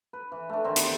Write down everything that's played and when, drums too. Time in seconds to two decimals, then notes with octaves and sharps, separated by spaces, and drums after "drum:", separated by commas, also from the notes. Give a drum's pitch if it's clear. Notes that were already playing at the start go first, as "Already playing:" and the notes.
0.13 B4
0.32 E3
0.49 A3 D4
0.64 D3 D#3 C4
0.76 B3 G4 C5 D5, drum: hi-hat